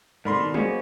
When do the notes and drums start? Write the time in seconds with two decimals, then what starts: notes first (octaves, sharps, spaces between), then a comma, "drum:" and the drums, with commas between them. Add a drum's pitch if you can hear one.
0.25 G#2 C3 A4 A#4 D5 B5 C6
0.39 B2 D#3
0.54 A#3 B3 C#4 F#4 G#4 C5 D#5, drum: tom F#3